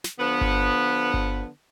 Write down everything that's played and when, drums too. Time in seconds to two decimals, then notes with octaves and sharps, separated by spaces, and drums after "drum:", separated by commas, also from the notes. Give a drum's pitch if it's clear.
0.04 drum: snare
0.20 D3 F3 B3
0.41 drum: kick G1
1.14 drum: kick G1